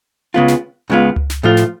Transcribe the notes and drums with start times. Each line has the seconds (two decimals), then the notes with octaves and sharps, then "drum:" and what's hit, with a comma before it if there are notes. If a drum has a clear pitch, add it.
0.34 C#2 C#3 G#3 B3 F4
0.48 drum: snare
0.90 C#2 C#3 G#3 B3 F4
1.16 drum: tom C#2
1.30 drum: snare
1.43 A2 F3 A3 F4
1.57 drum: snare